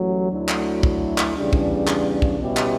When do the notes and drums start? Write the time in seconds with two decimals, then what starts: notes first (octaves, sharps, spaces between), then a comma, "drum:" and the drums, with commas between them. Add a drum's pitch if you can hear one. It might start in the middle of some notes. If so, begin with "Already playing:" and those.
Already playing: A1 A2 F#3
0.31 D2 D3 F#3 A3 E4
0.49 drum: clap
0.83 drum: kick
1.18 drum: clap
1.35 E2 C#3 G3 D4
1.53 drum: kick
1.87 drum: clap
2.22 drum: kick
2.40 B2 G3 C#4 E4 G4
2.57 drum: clap